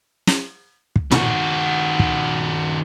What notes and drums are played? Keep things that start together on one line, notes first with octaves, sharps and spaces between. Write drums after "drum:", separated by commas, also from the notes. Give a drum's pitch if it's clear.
drum: snare
drum: kick
D#3 F#4, drum: tom
drum: kick